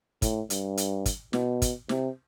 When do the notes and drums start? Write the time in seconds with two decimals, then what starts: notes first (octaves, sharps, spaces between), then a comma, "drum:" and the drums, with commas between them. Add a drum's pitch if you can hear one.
0.22 A2, drum: kick, hi-hat
0.50 G2, drum: hi-hat
0.77 drum: hi-hat
1.06 drum: kick, hi-hat
1.33 B2, drum: snare
1.62 drum: kick, hi-hat
1.89 C3, drum: snare